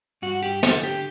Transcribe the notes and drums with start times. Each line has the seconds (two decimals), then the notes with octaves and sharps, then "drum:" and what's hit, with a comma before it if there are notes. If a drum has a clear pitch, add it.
0.22 G2 F#4
0.43 G4
0.63 D3 A4, drum: snare
0.84 G4